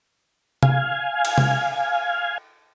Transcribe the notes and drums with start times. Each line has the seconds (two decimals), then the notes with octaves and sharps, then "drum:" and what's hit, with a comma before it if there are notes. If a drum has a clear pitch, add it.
0.63 F5 G#5, drum: tom C3
1.25 drum: cymbal
1.38 drum: tom C3